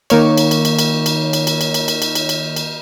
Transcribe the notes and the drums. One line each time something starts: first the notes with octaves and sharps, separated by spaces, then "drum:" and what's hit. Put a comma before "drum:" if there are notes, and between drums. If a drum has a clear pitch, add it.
D#3 A#3 C#5, drum: cymbal
drum: cymbal
drum: cymbal
drum: cymbal
drum: cymbal
drum: cymbal
drum: cymbal
drum: cymbal
drum: cymbal
drum: cymbal
drum: cymbal
drum: cymbal
drum: cymbal
drum: cymbal
drum: cymbal